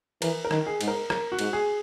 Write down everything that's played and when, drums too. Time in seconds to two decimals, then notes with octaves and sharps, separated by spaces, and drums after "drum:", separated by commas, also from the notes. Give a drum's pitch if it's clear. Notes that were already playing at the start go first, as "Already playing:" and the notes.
0.22 E3 A#4, drum: cymbal
0.45 A#4
0.51 D#3, drum: rim click
0.66 G#4
0.81 G#2, drum: cymbal
0.88 A#4
1.10 A#4, drum: rim click
1.32 F#4
1.39 G#2, drum: cymbal
1.53 G#4